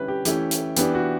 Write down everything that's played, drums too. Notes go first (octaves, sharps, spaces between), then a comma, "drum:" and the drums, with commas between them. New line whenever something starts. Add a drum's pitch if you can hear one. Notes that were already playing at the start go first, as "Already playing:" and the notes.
Already playing: D3 G3 C#4 E4 B4
G4
E3 A3 C#4 E4 G4, drum: hi-hat
drum: hi-hat
E3 B3 D4 G4, drum: hi-hat
F#4